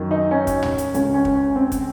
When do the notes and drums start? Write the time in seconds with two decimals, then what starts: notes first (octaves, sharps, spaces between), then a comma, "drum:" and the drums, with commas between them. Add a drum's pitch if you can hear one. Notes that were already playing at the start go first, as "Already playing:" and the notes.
Already playing: F#2 D#3
0.11 D#4
0.31 C#4
0.47 drum: kick, hi-hat
0.63 drum: tom
0.78 drum: hi-hat
0.94 C#2 C#3 C#4, drum: hi-hat
1.14 C#4
1.25 drum: kick
1.36 C#4
1.56 C4
1.72 drum: kick, hi-hat